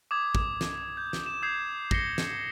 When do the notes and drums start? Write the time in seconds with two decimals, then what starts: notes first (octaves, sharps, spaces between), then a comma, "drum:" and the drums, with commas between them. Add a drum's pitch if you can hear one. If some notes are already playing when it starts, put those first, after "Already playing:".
0.11 D6 D#6 G#6
0.35 drum: kick
0.61 drum: snare
0.97 G6
1.13 drum: snare
1.26 E7
1.42 D#6 G6 G#6 C7
1.91 A#6 C7 C#7 G7, drum: kick
2.18 drum: snare